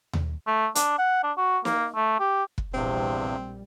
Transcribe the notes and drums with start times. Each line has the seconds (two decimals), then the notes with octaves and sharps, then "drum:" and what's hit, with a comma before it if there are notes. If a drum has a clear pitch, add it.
0.13 drum: tom D#2
0.47 A3
0.75 D4, drum: hi-hat
0.99 F#5
1.23 D4
1.37 F#4
1.65 A#3, drum: snare
1.95 A3
2.20 G4
2.58 drum: kick
2.74 A#1 E2 G2 C3 G3 C4 C5